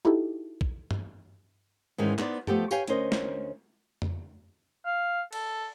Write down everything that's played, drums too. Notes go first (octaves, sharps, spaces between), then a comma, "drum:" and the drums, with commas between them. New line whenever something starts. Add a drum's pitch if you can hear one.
D#4 E4 F#4 G4 A4
drum: kick
drum: tom G2
G#2 D#3 E3 G#3 C#4
B3 D#4 C5 D5, drum: clap
F3 A3 B3 G4 A4, drum: tom G2
G4 B4 C#5 F5 G5 G#5, drum: tambourine
D2 C#4 A#4 C5 D#5, drum: hi-hat
drum: snare
drum: tom F2
F5
A4, drum: cymbal